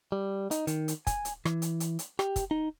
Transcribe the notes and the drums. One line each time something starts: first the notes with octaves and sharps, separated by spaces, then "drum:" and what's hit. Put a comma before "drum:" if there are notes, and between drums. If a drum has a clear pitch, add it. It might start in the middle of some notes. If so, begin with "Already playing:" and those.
G3
D#4, drum: hi-hat
D#3, drum: hi-hat
drum: hi-hat
G#5, drum: kick, hi-hat
drum: hi-hat
E3, drum: rim click
drum: hi-hat
drum: hi-hat
drum: hi-hat
G4, drum: rim click
drum: kick, hi-hat
D#4